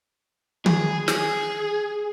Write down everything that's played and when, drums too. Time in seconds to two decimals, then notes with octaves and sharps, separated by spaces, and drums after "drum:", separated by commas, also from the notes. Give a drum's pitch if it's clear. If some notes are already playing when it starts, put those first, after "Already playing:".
0.66 G#4, drum: tom
1.08 G#4, drum: snare